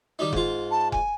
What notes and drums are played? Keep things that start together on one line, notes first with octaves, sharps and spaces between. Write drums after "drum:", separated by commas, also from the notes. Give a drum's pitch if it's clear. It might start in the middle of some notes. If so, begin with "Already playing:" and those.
D#3 G3 D#4
G#2 F4, drum: kick F1
A5
G#5, drum: kick F1